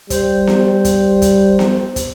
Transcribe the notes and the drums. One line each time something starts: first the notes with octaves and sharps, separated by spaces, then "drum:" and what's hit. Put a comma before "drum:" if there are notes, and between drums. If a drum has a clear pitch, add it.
G3 C5, drum: kick, hi-hat
drum: snare B3
drum: kick, hi-hat
drum: kick, hi-hat
drum: snare B3
drum: kick, hi-hat